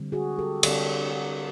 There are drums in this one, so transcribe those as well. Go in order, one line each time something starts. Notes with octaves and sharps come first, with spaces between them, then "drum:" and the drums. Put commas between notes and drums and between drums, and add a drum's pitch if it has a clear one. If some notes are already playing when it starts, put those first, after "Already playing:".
Already playing: D3 G3 C4
F#4 G#4
G4 A4
D3 G3 C4 G4 A4, drum: cymbal